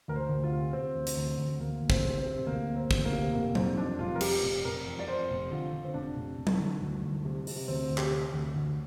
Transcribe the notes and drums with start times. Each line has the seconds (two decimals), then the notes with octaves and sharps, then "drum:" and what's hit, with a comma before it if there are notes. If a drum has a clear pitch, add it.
0.08 D2 A#4
0.16 C5
0.29 D2
0.44 F4
0.52 C3
0.73 C3 C4
0.95 D2
1.07 drum: hi-hat
1.17 D2
1.38 D2
1.60 D2 A#3
1.82 D2
1.90 C4, drum: kick
2.04 C3
2.18 C4
2.26 C3
2.47 D2 A#3
2.69 C3
2.76 C4
2.91 D2, drum: kick
3.05 A#3
3.12 C3
3.34 F1 A#3
3.55 F1 C4, drum: tom F#3
3.77 F2 D4
3.99 F1 F4
4.15 A#4
4.21 F2 G4, drum: cymbal
4.42 F1
4.64 F1 A#4
4.87 F2
4.99 D5
5.08 F2 C5
5.30 F1
5.51 D3 F4
5.73 D3
5.84 C4
5.94 F1 D4
6.16 F1
6.38 F1
6.47 drum: tom F#3
6.60 D3
6.81 D2
7.04 D2
7.25 C3
7.47 C3, drum: open hi-hat
7.68 D2 C4
7.90 D2
7.98 G4, drum: clap
8.11 C3
8.33 D2
8.56 D2